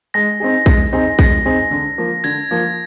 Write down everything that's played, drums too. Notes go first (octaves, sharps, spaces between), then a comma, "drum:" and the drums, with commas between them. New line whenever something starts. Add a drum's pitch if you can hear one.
G#3 A#6
C4 D#4 G#4
G#3, drum: kick A#1
C4 D#4 G#4
G#3 A#6, drum: kick A#1
C4 D#4 G#4
D3
F3 A#3
D3 G#6, drum: open hi-hat
F3 A#3